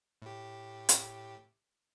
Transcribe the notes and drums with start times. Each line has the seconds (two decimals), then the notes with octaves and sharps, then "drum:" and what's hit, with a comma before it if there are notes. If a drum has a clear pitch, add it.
0.22 A2 G4
0.89 drum: hi-hat